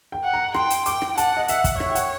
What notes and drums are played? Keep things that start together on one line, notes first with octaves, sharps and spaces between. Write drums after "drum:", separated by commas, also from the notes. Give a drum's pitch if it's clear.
G5
F#5
A#5
G5 C6, drum: rim click
drum: hi-hat
G5 D6, drum: hi-hat
drum: rim click
F#5 A5, drum: hi-hat
D#5
E5 F#5, drum: hi-hat
drum: kick, hi-hat
C#5 E5, drum: rim click
G5
F#5, drum: hi-hat